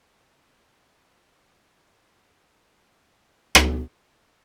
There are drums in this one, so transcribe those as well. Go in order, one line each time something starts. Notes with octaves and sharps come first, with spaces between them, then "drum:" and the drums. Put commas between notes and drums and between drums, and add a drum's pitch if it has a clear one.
E5 D#6 E6 G6 C7
F#5
C2 D#3 F#4 G#5 D#6 F7
A3 B3 C4 D#4
A#5 C6 E6 F#6
G#3 B3 F4 F#4 A#4
D#4 G#4 A#4
drum: rim click